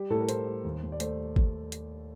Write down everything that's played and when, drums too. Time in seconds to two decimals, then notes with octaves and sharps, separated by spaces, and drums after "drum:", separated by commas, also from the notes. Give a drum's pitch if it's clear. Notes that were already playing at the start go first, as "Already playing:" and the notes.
Already playing: G3 G4
0.10 A2 A4
0.21 A#4
0.29 A2 C5, drum: hi-hat
0.47 G3
0.64 D#2
0.83 D#2
0.92 D5
1.00 A3 C5, drum: hi-hat
1.36 drum: kick
1.72 drum: hi-hat